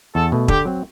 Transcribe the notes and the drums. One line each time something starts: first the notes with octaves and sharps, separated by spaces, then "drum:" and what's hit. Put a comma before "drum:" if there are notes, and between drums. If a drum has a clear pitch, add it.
E2 A4
B2 A3
D3 G4, drum: kick
F#3 C4